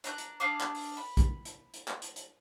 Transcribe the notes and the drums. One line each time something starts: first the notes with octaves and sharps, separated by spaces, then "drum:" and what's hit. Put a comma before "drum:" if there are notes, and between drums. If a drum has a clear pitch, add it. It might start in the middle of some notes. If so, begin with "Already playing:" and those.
D4 A#5 F#6, drum: hi-hat
drum: hi-hat
D4 G#4 F5 D6
drum: clap
drum: open hi-hat
B5
drum: kick A#1, hi-hat
drum: hi-hat
drum: hi-hat
drum: clap
drum: hi-hat
drum: hi-hat